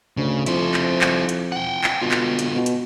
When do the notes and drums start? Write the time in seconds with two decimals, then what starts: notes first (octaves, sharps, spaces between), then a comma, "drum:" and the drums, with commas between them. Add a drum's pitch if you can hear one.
0.17 D2 C#3
0.46 F2 E4 C5, drum: hi-hat
0.74 drum: clap
1.01 drum: clap
1.29 drum: hi-hat
1.52 F#5 G5
1.84 drum: clap
2.01 B2 D3 F4
2.11 drum: clap
2.39 drum: hi-hat
2.55 B2
2.66 drum: hi-hat